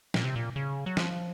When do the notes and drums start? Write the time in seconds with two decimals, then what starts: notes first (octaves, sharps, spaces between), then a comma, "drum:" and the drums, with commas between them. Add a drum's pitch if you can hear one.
0.14 A#2, drum: snare
0.24 C3
0.36 A#2
0.56 C#3
0.86 F#3
0.97 F3, drum: snare